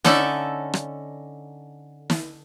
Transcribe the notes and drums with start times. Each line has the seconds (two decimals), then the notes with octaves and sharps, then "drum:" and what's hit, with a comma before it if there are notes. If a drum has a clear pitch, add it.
0.04 D3 C#4 D#4 A4 D5 E5, drum: snare
0.73 drum: rim click
2.10 drum: snare